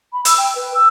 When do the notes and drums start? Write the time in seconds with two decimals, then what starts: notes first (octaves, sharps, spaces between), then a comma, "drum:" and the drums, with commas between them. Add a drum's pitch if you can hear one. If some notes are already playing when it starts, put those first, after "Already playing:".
0.13 B5
0.25 E6, drum: hi-hat
0.38 G5
0.55 B4
0.74 E6